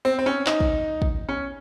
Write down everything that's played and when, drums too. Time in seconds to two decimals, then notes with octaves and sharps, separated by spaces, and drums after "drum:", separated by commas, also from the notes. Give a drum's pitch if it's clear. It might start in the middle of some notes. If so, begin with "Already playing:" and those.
0.05 C4
0.19 C4
0.26 C#4
0.46 D#4, drum: clap
0.60 drum: kick
1.02 drum: kick
1.29 C#4